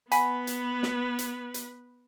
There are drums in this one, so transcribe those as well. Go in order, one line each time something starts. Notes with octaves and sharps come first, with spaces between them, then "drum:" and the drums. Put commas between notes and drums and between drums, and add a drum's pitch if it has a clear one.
B3 B4 F#5 G#5 B5, drum: hi-hat
drum: hi-hat
drum: snare
drum: hi-hat
drum: hi-hat